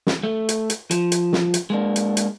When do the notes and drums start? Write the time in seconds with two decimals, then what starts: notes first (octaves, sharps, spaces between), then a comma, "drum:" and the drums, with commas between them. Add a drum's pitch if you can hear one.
0.07 drum: snare
0.23 A3
0.49 drum: hi-hat
0.70 drum: hi-hat
0.91 F3, drum: hi-hat
1.12 drum: hi-hat
1.33 drum: snare
1.54 drum: hi-hat
1.70 G#3 A#3 D4
1.96 drum: hi-hat
2.17 drum: hi-hat